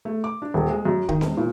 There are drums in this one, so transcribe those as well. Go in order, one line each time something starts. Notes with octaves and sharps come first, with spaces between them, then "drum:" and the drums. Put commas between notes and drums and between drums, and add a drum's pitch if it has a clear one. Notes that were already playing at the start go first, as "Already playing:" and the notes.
A3
D6
D4
D#1
G#3
F#2
D#3, drum: kick
E1, drum: snare C4
A#2